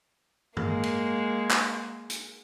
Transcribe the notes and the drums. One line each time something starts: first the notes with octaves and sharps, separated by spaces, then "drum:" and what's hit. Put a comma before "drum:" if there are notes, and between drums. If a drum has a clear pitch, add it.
G#3 A#3, drum: tom G2
drum: cymbal
drum: clap
drum: hi-hat